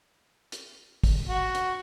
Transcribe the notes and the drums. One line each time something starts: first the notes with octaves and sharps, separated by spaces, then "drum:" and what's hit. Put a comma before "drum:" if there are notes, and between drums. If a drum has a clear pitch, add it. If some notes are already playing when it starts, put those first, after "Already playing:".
drum: hi-hat
drum: kick, open hi-hat
F#4
drum: hi-hat